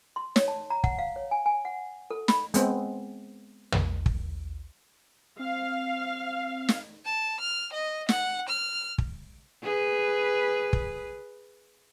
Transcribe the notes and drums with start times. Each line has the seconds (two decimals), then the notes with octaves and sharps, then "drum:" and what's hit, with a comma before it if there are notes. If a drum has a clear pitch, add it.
0.16 C6
0.36 C#5, drum: snare
0.48 A5
0.70 A#5
0.84 F#5, drum: kick
0.99 F5
1.16 C#5
1.31 G#5
1.46 G#5
1.65 F#5
2.11 A4
2.28 B5, drum: snare
2.54 G#3 B3 C4, drum: hi-hat
3.72 drum: tom
4.06 drum: kick
5.39 C4 F5
6.69 drum: snare
7.05 A5
7.40 F6
7.73 D#5
8.09 F#5, drum: snare
8.49 F6
8.98 drum: kick
9.63 G#4 B4
10.73 drum: kick